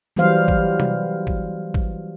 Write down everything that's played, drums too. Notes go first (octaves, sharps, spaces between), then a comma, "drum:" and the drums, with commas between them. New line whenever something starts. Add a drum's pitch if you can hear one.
E3 F#3 G3 B3 C5 F5
drum: kick G#1
drum: tom C3
drum: kick G#1
drum: kick G#1